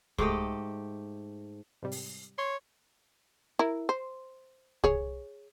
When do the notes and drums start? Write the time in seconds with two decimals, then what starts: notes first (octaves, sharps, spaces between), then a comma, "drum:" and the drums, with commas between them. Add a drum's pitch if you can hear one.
0.18 G#2 A3 G4 D#5, drum: kick C2
1.83 G#2 C3 G3
1.92 drum: open hi-hat
2.38 C#5 C6
3.59 E4 A#4
3.89 C5
4.84 G#4 C#5, drum: kick C2